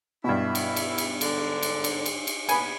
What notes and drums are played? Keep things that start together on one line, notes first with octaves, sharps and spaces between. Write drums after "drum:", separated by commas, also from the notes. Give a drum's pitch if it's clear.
G2 B2 E4
drum: cymbal
drum: cymbal
drum: cymbal
G#2 D3, drum: cymbal
drum: cymbal
drum: cymbal
drum: cymbal
drum: cymbal
A#2 B3 G#5 B5, drum: cymbal